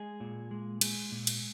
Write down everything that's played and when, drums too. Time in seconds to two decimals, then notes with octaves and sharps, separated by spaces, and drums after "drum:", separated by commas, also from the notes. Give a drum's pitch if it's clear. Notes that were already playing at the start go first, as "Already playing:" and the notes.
Already playing: G#3 G#4
0.20 A#2
0.51 G#3
0.81 G#3, drum: cymbal
1.12 A#2
1.27 drum: cymbal